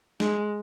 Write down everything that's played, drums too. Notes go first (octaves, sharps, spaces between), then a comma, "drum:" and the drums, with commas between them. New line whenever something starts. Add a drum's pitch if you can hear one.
G#3, drum: snare